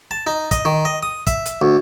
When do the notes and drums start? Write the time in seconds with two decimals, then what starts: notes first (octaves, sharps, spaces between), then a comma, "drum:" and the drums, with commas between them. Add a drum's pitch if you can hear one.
0.11 A5
0.27 D#4
0.51 D#5, drum: kick, hi-hat
0.65 D#3
0.85 D#5
1.03 D#6
1.27 E5, drum: kick, hi-hat
1.46 drum: hi-hat
1.62 D2